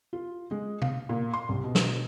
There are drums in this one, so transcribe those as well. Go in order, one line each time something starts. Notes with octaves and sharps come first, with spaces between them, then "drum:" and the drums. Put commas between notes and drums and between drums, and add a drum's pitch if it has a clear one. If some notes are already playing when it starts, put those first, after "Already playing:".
F4
G#3
F5, drum: tom C3
A#2
C6
C2
B2
drum: snare